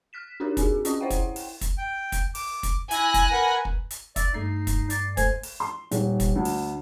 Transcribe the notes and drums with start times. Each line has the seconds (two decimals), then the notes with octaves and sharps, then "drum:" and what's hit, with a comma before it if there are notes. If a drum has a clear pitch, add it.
0.13 F6 F#6 B6 E7
0.40 D4 D#4 F#4 G4 A#4 C#5
0.57 C4 F#4 G#4, drum: kick, hi-hat
0.85 C#4 F4 G#4 D5 D#5 D#6, drum: hi-hat
1.01 E4 C5 C#5 E5 F#5 G5
1.10 drum: kick, hi-hat
1.36 drum: open hi-hat
1.61 drum: kick, hi-hat
1.78 G5
2.12 drum: kick, hi-hat
2.35 D6, drum: open hi-hat
2.63 drum: kick, hi-hat
2.91 E4 G#5 F#6 A#6, drum: hi-hat
3.14 drum: kick, hi-hat
3.32 A#4 B4 F#5
3.65 drum: kick
3.91 drum: hi-hat
4.16 D5 E5, drum: kick, hi-hat
4.34 G2 A3 D#4 C7
4.67 drum: kick, hi-hat
4.90 D5, drum: hi-hat
5.17 A3 C5 G#5, drum: kick, hi-hat
5.43 drum: open hi-hat
5.60 C6
5.91 D#1, drum: hi-hat
6.20 drum: kick, hi-hat
6.36 D2
6.45 drum: open hi-hat